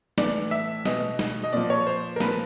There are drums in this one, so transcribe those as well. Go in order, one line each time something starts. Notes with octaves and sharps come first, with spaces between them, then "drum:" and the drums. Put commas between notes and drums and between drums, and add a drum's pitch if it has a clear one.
A2 E3 D5, drum: snare
E5
B2 D#5, drum: snare
drum: snare
D#5
A#2 F3 D5
C#5
C5
A#4
A#2 F3 B4, drum: snare